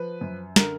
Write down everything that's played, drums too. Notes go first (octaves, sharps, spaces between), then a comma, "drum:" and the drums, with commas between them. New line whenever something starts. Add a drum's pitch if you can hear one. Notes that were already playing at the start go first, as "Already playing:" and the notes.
Already playing: F3 B4
F#2
D3 A#4, drum: snare